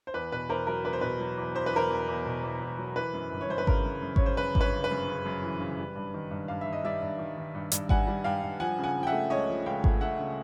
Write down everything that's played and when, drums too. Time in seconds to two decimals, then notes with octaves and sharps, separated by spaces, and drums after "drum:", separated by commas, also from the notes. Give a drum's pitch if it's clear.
0.07 C5
0.14 E2 B4
0.32 B2 B4
0.49 E2 A#4 C5
0.67 F#3 A#4
0.85 E2 B4
0.93 C5
1.01 B2 B4
1.20 F#3
1.38 E2
1.55 E2 C5
1.66 B4
1.73 E2 A#4 C5
1.90 E2
2.08 E2
2.25 B2
2.44 E2
2.61 E2
2.78 F#3
2.96 E3 B4
3.14 F#2
3.32 G1
3.41 C#5
3.49 F#2 C5
3.58 B4
3.67 C#3 A#4, drum: kick G#1
3.84 F#2
4.02 F#2
4.16 C#3 C#5, drum: kick G#1
4.26 C5
4.37 F#2 B4
4.55 G1, drum: kick G#1
4.60 B4 C#5
4.73 C#3
4.84 B4
4.91 F#2
5.08 C#3
5.25 F#2
5.43 E3
5.60 C#3
5.78 G3
5.96 G2
6.14 D#3
6.31 G2
6.48 G2 F5
6.61 D#3 E5
6.73 D#5
6.84 G3 D5 E5
7.02 G2
7.19 D#3
7.37 D#3
7.55 G2
7.72 G2, drum: hi-hat
7.89 G3 F#5 G#5, drum: kick G#1
8.07 G3
8.24 G2 F5 G5
8.43 G2
8.60 F3 F#5 G#5
8.78 C#3
8.84 F#5 G#5
8.96 F3
9.03 G5
9.07 E5 F#5
9.12 A3
9.30 C#2 C#5 D#5
9.49 F3
9.66 C#2 F5 G5
9.84 A3, drum: kick G#1
10.01 A3 E5 F#5
10.19 C#3